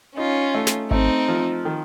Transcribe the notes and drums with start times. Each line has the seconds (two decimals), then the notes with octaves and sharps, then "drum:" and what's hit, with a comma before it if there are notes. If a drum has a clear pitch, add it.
0.17 C#4 D#4 F4
0.55 A3
0.67 drum: snare
0.91 A3 C4 D#4, drum: kick G#1
1.28 F3
1.65 D#3